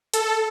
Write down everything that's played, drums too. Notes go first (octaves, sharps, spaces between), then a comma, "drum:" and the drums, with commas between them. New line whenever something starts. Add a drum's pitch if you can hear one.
A4, drum: hi-hat